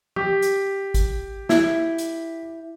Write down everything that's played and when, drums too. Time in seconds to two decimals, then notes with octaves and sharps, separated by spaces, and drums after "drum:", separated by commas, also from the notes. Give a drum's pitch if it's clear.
0.16 G4, drum: tom
0.42 drum: hi-hat
0.94 drum: kick, hi-hat
1.49 E4, drum: snare
1.98 drum: hi-hat